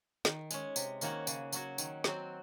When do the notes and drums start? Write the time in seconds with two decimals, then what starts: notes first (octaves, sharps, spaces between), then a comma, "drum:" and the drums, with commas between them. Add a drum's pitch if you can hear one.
0.25 D#3, drum: snare
0.51 G#3 C#4, drum: tambourine
0.76 C3, drum: tambourine
1.01 D#3 A#3 C#4 F#4, drum: tambourine
1.27 C#3, drum: tambourine
1.53 F#3 C#4 F#4, drum: tambourine
1.78 D#3, drum: tambourine
2.04 F#3 C4 F#4, drum: snare